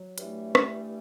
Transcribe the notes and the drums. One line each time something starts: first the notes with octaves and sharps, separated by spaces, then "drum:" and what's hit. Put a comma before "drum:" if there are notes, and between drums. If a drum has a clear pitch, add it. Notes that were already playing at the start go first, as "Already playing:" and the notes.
Already playing: F#3
G2 E3 A3, drum: hi-hat
drum: rim click